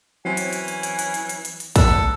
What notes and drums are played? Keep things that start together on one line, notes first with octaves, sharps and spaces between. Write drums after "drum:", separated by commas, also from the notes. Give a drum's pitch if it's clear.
E3 F#3 C4 C#4 G#5
drum: hi-hat
drum: hi-hat
drum: hi-hat
drum: hi-hat
drum: hi-hat
drum: hi-hat
drum: hi-hat
drum: hi-hat
drum: hi-hat
E2 A2 D3 A4 B5 F#6, drum: kick, hi-hat